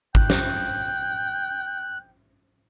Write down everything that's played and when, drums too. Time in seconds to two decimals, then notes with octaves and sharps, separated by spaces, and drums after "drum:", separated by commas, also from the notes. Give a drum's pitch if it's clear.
0.15 G5 F#6, drum: kick G#1
0.30 drum: snare